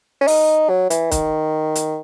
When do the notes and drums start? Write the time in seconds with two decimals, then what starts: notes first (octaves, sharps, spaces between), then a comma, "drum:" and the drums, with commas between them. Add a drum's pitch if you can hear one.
0.21 C#4
0.28 D#4, drum: open hi-hat
0.69 F#3
0.90 E3, drum: hi-hat
1.11 D#3, drum: kick, hi-hat
1.75 drum: hi-hat